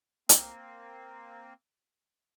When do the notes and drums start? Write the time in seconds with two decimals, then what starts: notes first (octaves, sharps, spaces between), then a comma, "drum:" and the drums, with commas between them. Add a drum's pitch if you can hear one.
0.29 A#3 C4, drum: hi-hat